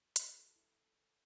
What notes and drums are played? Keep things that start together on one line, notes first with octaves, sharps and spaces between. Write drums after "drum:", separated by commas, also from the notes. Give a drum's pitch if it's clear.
E4 A4, drum: hi-hat
F#4
E4